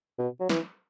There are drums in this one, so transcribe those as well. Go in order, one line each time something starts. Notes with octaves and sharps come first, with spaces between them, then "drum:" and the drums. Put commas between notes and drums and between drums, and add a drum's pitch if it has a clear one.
B2
F#3
E3, drum: snare